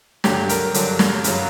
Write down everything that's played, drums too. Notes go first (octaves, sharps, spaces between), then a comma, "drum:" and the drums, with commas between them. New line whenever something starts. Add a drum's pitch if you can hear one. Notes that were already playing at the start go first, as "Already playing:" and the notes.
G2 D3 F#3 G4, drum: snare
A#4, drum: hi-hat
G2 D3 F#3, drum: hi-hat
drum: snare
F#2 C#3 F#3, drum: hi-hat